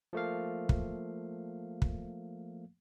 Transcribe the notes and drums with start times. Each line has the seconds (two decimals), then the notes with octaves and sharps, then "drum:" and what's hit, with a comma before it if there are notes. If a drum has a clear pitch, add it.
0.13 F3 A3 A#3 F5
0.69 drum: kick
1.82 drum: kick